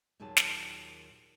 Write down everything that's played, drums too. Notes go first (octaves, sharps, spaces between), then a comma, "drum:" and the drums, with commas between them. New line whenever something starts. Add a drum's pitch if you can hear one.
D#2 A#2 D#3 F#3 G#4 A5
drum: snare